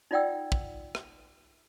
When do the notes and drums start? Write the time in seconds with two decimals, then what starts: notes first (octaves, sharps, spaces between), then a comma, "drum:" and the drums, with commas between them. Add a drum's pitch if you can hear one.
0.11 D#4 F4 D5 F#5 G5 E6
0.52 drum: kick
0.95 drum: rim click